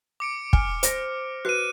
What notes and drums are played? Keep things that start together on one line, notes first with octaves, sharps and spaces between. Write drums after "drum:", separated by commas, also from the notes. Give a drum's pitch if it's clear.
D6 C#7 D7
G#5 F6, drum: kick
C5 A#6, drum: hi-hat
F#4 B4 F#6 D#7